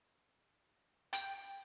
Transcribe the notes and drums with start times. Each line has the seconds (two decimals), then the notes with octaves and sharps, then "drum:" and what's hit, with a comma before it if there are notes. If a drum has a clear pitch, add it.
1.13 G5, drum: hi-hat